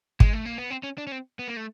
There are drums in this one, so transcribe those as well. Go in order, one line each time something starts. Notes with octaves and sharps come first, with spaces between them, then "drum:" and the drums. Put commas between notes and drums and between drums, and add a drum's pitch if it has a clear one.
G#3, drum: kick
A3
A#3
B3
C4
C#4
D4
C#4
C4
B3
A#3
A3